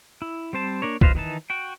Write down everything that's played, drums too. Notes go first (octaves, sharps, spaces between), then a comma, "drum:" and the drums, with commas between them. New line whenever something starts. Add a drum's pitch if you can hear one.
E4
G3 C4 C5 A5
A#3 D4 A#4 C#5
F4 B4 C5 D#5 F5, drum: kick
D#3 E3 D#4 A5
F#4 G5